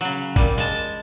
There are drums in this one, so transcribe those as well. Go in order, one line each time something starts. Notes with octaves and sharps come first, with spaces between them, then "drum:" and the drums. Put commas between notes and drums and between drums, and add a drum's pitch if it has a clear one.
C#3 F#3
A#2 G3, drum: kick
G#3 A5